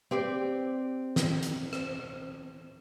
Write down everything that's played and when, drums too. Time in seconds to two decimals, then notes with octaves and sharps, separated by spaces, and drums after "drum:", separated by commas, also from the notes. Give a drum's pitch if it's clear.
0.11 C4 G4 C5 D5
1.16 drum: snare
1.43 drum: hi-hat
1.73 drum: rim click